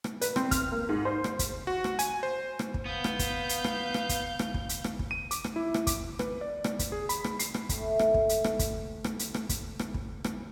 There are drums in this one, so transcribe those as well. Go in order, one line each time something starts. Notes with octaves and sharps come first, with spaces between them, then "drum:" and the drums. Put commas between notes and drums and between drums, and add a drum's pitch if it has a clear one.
drum: rim click
B4, drum: hi-hat
C4, drum: rim click
F6, drum: kick, hi-hat
A#3
G#2
C5
drum: rim click
drum: kick, hi-hat
F#4
drum: rim click
G#5, drum: hi-hat
C5
drum: rim click
drum: kick
B3 F5 G6
drum: rim click
drum: kick, hi-hat
drum: hi-hat
drum: rim click
drum: rim click
drum: kick, hi-hat
drum: rim click
drum: kick
drum: hi-hat
drum: rim click
drum: kick
D#7
D6, drum: hi-hat
drum: rim click
E4
drum: rim click
D6, drum: kick, hi-hat
B4, drum: rim click
D5
drum: rim click
drum: kick, hi-hat
G#4
B5, drum: hi-hat
drum: rim click
C7, drum: hi-hat
drum: rim click
A2 A3 E5, drum: kick, hi-hat
drum: rim click
drum: kick
drum: hi-hat
drum: rim click
drum: kick, hi-hat
drum: rim click
drum: hi-hat
drum: rim click
drum: kick, hi-hat
drum: rim click
drum: kick
drum: rim click